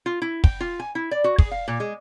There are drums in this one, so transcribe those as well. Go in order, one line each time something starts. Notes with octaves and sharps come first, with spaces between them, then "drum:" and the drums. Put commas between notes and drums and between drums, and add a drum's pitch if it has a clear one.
F4
E4
G5, drum: kick
F4
G#5
E4
D5
F#4
G#4, drum: kick
F5
A#2
G#3